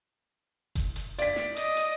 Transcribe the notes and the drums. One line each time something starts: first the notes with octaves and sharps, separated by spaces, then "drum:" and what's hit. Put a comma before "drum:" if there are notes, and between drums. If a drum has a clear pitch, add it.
drum: kick F1, hi-hat
drum: hi-hat
D5 B6, drum: hi-hat
drum: snare
D#5, drum: hi-hat
drum: hi-hat